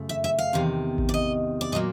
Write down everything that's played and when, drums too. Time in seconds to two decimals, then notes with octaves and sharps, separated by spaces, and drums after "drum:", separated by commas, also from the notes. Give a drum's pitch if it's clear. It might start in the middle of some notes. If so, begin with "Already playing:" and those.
Already playing: F#2 C#3 A3
0.09 E5
0.24 E5
0.39 F5
0.53 E2 C3 D#3
0.98 drum: kick A1
1.09 D5
1.14 D#5
1.61 D5
1.72 A#2 F#3 A#3 D#5